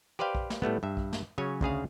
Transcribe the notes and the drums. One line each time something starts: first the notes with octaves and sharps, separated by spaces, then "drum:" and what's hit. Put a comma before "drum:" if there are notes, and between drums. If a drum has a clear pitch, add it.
G4 B4 C5 D5 F5 G5
drum: kick B1
drum: snare
A2 G3 A3 B3
G2 E5
drum: kick B1
drum: snare
C#3 F#3 C#4 C#5 G#5
D2 C#3 G#4 F5, drum: kick B1